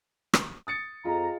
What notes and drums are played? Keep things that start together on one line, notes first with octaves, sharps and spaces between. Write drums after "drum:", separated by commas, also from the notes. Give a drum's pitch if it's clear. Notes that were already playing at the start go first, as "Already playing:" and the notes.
drum: rim click
D#6 A6 C#7
F2 F4 G#4 D#5 A#5